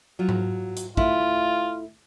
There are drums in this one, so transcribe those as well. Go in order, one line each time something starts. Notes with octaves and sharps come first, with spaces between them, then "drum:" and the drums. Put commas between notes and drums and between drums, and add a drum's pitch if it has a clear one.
F#3 F4
drum: tom G#2
drum: hi-hat
A3 E4 F4, drum: kick